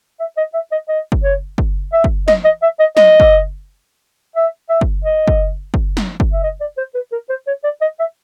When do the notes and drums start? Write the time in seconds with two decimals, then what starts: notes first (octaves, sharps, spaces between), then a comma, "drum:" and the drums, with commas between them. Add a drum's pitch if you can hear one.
0.19 E5
0.37 D#5
0.54 E5
0.72 D#5
0.88 D#5
1.12 drum: kick
1.23 C#5
1.58 drum: kick
1.93 E5
2.04 drum: kick
2.28 D#5, drum: snare
2.45 D#5
2.62 E5
2.79 D#5
2.97 D#5, drum: snare
3.20 drum: kick
4.36 E5
4.69 E5
4.81 drum: kick
5.04 D#5
5.28 drum: kick
5.74 drum: kick
5.97 drum: snare
6.20 drum: kick
6.33 E5
6.43 D#5
6.61 D5
6.77 C5
6.95 B4
7.12 A#4
7.29 C5
7.47 C#5
7.64 D5
7.81 D#5
7.99 E5